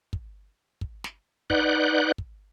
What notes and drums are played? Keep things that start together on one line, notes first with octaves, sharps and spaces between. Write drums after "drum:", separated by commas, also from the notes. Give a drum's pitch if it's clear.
drum: kick
drum: kick
drum: snare
D#4 B4 D5 F#5 F#6 G6, drum: kick
drum: kick